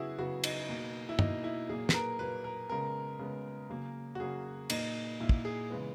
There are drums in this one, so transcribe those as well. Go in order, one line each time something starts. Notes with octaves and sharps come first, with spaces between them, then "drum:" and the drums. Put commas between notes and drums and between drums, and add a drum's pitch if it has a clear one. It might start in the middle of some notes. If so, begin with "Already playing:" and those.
Already playing: C#3 F#3 B3 E4 F#4 G#4
C#3 F#3 B3 F#4
D#4, drum: cymbal
B2 A#3
E4
B2 A#3 D#4, drum: tom G2
E4
A#2 F#3 A#3 G#4
B4, drum: snare
A#4
A#2 F#3 A#3 B4
A#4
C#3 G#3 B3 A#4
C#3 G#3 B3
C#3 F#3 A#3
F#4
C#3 F#3 A#3 G#4
A#2 A#3 D#4, drum: cymbal
A#2 A#3 E4
drum: kick
G#4
C#3 E3 G#3 B3